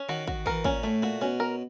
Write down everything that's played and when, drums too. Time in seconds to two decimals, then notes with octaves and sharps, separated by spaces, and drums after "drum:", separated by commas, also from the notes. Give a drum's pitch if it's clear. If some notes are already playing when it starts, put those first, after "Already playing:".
Already playing: C#4
0.09 D#3 F#4
0.28 F#4, drum: kick
0.46 E3 A#4, drum: kick
0.65 A#2 C#4, drum: kick
0.83 A2 A3
1.03 A#2 F#4
1.21 B2 C#4
1.40 A#4